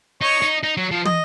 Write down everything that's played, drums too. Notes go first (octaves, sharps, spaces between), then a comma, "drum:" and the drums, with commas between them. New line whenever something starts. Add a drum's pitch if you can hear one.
D#4 C#5
D#4
D#4
F#3
F3
D#5, drum: tom